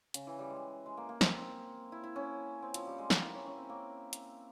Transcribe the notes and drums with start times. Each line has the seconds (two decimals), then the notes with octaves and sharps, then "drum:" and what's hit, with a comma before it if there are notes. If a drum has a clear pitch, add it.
0.14 C#3, drum: hi-hat
0.27 E3
0.39 G3
0.50 G#3
0.86 G#3
0.97 A#3
1.09 A#3
1.21 C4, drum: snare
1.92 E4
2.04 E4
2.16 C#4
2.62 C4
2.74 F3, drum: hi-hat
2.87 G3
2.98 G#3
3.10 A#3, drum: snare
3.22 E4
3.34 C#4
3.46 C#4
3.58 C4
3.69 A#3
4.13 drum: hi-hat